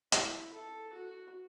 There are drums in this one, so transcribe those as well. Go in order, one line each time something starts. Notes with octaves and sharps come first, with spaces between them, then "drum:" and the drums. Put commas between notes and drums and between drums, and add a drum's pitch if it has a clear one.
E4, drum: hi-hat
A4
F#4